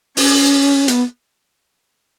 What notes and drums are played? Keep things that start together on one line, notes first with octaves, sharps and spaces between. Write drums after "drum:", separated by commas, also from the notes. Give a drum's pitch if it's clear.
C#4, drum: open hi-hat
B3, drum: hi-hat